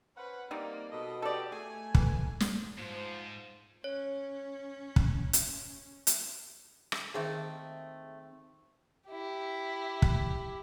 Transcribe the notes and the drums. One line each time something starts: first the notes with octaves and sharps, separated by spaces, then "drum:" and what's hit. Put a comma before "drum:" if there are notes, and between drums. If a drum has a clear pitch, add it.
C#4 B4 C5 F#5
G3 A#3 C4 D#4 D5
B2 A4 D#5
G4 A4 D5
A3 G#4 G#5
E3, drum: kick
drum: snare
G#2 F3 C5
C#4 C#5
drum: kick
drum: hi-hat
drum: hi-hat
drum: rim click
C3 D#3 A3 A#3 C4 G#4 E5
E4 G4
drum: kick